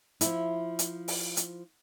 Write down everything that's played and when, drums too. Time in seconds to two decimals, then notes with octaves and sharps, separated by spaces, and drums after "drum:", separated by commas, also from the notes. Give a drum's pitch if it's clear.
0.21 F3 E4, drum: hi-hat
0.79 drum: hi-hat
1.08 drum: open hi-hat
1.37 drum: hi-hat